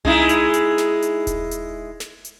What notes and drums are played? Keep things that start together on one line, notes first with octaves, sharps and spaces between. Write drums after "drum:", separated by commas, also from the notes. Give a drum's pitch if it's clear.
G#3 D#4 E4, drum: tom C2
drum: hi-hat
drum: hi-hat
drum: snare
drum: hi-hat
drum: kick D#1, hi-hat
drum: hi-hat
drum: snare
drum: hi-hat